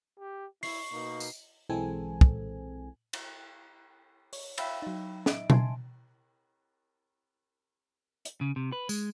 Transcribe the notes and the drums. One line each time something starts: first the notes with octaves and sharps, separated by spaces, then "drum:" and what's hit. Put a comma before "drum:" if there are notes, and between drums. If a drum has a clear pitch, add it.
G4
E4 C#6 C7, drum: open hi-hat
B2 A#3 D#4
drum: tambourine
B1 E3 G#3 C4 A4 G#5
drum: kick
drum: cymbal
C#5, drum: open hi-hat
E5 F5 G5 B5 E6, drum: cymbal
F#3 D#4
D#5 E5 D7, drum: snare
G#5 A5 C6, drum: tom B2
drum: hi-hat
C#3
C3
B4
G#3, drum: tambourine